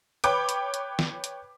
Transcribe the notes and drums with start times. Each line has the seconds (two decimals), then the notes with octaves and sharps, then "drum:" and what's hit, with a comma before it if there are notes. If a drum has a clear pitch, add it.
0.24 B4 C#5 G5 B5 D6, drum: hi-hat
0.49 drum: hi-hat
0.74 drum: hi-hat
0.99 drum: snare
1.24 drum: hi-hat